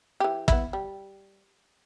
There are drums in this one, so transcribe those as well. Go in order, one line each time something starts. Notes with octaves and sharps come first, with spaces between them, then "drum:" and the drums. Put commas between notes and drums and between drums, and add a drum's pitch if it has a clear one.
E3 G4
B3 E4, drum: kick
G3